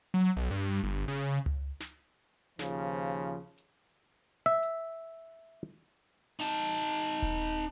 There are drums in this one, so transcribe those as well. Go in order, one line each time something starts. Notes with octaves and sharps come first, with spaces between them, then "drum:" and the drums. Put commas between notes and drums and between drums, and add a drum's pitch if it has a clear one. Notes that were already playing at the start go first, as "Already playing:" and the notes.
F#3
B1
G2
G1
C#3
drum: tom C#2
drum: snare
D#2 C#3 F3, drum: snare
drum: hi-hat
E5
drum: hi-hat
D#4 A5
drum: kick D#1